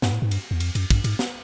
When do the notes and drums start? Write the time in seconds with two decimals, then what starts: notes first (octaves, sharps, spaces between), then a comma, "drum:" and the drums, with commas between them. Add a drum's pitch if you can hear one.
0.02 G2, drum: snare
0.12 A2
0.22 G#2
0.31 G2, drum: cymbal
0.51 E2
0.60 F2, drum: cymbal
0.75 F#2, drum: cymbal
0.90 G2, drum: kick, cymbal
1.04 G#2, drum: cymbal
1.19 drum: snare